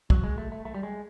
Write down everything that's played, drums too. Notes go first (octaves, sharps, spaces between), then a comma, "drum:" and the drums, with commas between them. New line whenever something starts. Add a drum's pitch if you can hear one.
F#3, drum: kick
G#3
A3
A3
A3
G3
G#3